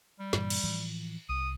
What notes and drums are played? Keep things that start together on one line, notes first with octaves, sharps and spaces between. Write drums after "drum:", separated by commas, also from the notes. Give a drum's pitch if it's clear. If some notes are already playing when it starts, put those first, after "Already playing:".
G3
G2 A#2 E3, drum: snare
drum: cymbal
A2 E3 F3
C2 D#6